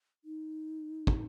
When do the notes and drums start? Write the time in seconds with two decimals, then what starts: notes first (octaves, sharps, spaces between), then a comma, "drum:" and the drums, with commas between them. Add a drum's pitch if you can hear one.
0.24 D#4
1.07 drum: kick